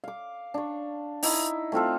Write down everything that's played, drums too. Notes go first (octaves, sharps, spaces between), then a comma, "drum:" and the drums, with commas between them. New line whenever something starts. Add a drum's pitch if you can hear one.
F5 D6
D4 C#6
D#4 E4, drum: open hi-hat
A3 C4 F4 A4